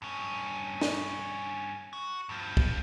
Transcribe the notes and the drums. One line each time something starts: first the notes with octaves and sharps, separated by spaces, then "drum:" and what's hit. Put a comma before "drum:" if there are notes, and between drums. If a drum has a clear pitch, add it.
G2 C#4
drum: snare
F#4
G2 F3
drum: kick